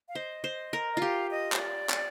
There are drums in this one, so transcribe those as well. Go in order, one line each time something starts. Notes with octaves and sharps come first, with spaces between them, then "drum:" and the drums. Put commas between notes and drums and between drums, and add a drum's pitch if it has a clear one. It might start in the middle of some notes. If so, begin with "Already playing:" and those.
F5
C5 D#5
C5
A#4
D#5
F4 G4 F5
D#5
C5, drum: clap
D5
drum: clap